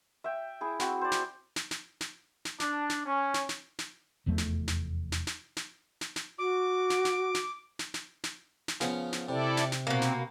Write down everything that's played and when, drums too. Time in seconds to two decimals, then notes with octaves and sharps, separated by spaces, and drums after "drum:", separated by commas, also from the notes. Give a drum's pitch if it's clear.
0.24 E5 G5
0.61 E4 G#4
0.80 C4 F#4, drum: snare
1.01 C5 D5
1.12 drum: snare
1.56 drum: snare
1.71 drum: snare
2.01 drum: snare
2.45 drum: snare
2.60 D4, drum: snare
2.90 drum: snare
3.06 C#4
3.34 drum: snare
3.49 drum: snare
3.79 drum: snare
4.26 F1 E2 F3 A3
4.38 drum: snare
4.68 drum: snare
5.12 drum: snare
5.27 drum: snare
5.57 drum: snare
6.01 drum: snare
6.16 drum: snare
6.39 F#4 D6
6.90 drum: snare
7.05 drum: snare
7.35 drum: snare
7.79 drum: snare
7.94 drum: snare
8.24 drum: snare
8.68 drum: snare
8.81 C#3 F3 B3, drum: snare
9.13 drum: snare
9.29 C3 E4 A4 D5
9.57 drum: snare
9.72 drum: snare
9.87 B2 A#3 C4
10.02 drum: snare